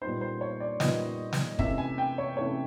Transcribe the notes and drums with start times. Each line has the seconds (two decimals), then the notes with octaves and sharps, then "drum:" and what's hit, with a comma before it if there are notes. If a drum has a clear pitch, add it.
0.01 A#2 G3 B3 D#4 C5
0.21 C5
0.41 C#5
0.60 D5
0.80 A#2 G3 B3 D#4 D#5, drum: snare
1.33 drum: snare
1.59 C3 E3 A3 C#4 E5, drum: kick
1.78 G#5
1.98 G5
2.18 C#5
2.37 C3 E3 A3 C#4 C#5